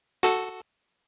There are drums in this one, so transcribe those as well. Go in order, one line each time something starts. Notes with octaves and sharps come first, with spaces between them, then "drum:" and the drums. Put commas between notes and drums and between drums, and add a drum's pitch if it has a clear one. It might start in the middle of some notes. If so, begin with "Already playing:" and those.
F#4 A4, drum: hi-hat